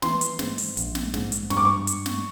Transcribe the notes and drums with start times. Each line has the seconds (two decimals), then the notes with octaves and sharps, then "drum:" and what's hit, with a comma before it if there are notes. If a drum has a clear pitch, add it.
0.02 E3 C6, drum: snare
0.21 drum: hi-hat
0.39 G#2, drum: snare
0.58 drum: open hi-hat
0.77 A#1, drum: hi-hat
0.95 drum: snare
1.14 G#2, drum: snare
1.32 drum: hi-hat
1.50 G2 C#6, drum: snare
1.57 D6
1.65 C#6
1.87 drum: hi-hat
2.06 drum: snare